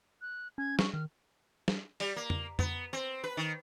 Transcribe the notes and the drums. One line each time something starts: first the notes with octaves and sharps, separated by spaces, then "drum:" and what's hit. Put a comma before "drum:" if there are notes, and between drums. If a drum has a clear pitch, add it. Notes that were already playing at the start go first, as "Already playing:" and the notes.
F#6
C#4 G#6
C#6, drum: snare
D#3 F6
drum: snare
G3, drum: open hi-hat
A#3
drum: tom F2
B3, drum: tom F2
C4
B4
D#3